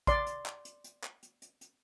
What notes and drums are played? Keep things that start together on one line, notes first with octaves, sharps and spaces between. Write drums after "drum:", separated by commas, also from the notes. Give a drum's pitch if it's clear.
D5 C6, drum: kick, hi-hat
drum: hi-hat
drum: clap
drum: hi-hat
drum: hi-hat
drum: clap
drum: hi-hat
drum: hi-hat
drum: hi-hat